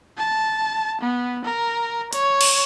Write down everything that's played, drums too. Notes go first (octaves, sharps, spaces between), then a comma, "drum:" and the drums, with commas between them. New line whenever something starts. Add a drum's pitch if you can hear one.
A5
B3
A#4
C#5, drum: hi-hat
drum: cymbal